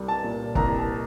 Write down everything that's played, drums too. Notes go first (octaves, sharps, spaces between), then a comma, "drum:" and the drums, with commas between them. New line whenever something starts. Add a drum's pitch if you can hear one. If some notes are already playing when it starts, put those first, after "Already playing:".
Already playing: C2 G3
A5
A#2
C2 A#5, drum: kick
A5